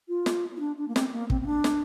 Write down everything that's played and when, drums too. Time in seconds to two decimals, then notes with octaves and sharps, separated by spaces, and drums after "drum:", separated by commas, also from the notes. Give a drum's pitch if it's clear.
0.08 F4
0.26 drum: snare
0.57 E4
0.60 D4
0.77 D4
0.88 A#3
0.96 C4, drum: snare
1.08 C4
1.13 A#3
1.30 C4, drum: kick
1.41 C4
1.46 D4
1.64 drum: snare